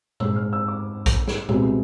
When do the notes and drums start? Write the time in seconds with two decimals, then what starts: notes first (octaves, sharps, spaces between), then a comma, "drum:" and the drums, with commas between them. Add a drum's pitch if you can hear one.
0.20 G#2 G#3 E6, drum: tom A#2
0.36 F6
0.53 E6
0.68 D6
1.06 drum: kick A#1, hi-hat
1.28 drum: snare
1.49 C2 B2 G#3, drum: tom A#2